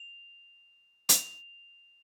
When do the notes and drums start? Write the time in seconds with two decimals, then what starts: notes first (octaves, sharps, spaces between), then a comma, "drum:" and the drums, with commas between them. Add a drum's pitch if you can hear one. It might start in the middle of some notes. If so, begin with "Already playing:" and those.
Already playing: F7
1.09 F7, drum: hi-hat